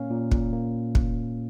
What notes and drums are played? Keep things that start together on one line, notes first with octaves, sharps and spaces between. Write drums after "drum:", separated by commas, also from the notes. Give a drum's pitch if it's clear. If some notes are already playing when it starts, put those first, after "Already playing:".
Already playing: A#2 A#3 C#4 F5
A#2
A#2, drum: kick
A#3
drum: kick